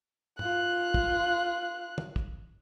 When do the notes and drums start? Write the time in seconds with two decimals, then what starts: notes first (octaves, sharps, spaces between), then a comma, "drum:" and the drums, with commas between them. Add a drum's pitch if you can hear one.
0.39 F4 F#6, drum: tom
0.94 drum: kick
1.98 drum: tom
2.16 drum: kick